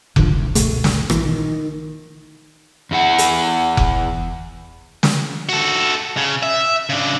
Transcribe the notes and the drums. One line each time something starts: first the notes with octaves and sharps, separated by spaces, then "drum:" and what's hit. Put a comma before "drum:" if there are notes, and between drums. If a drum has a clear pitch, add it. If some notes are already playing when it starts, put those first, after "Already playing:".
A2 D3 D#3 F3, drum: kick F1
F#1 C2
G1 C#2 B2 A3, drum: hi-hat
drum: snare
A#1 E3, drum: rim click
D#3
E2 E4 F#5
drum: hi-hat
drum: kick F1
drum: snare
F#4 A4
C#3
E5
C#3 D4